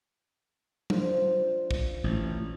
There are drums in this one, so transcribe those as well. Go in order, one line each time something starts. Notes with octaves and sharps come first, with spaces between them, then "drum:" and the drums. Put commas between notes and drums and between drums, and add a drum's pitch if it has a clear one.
D4 F4 C5, drum: tom F#3
drum: kick
A1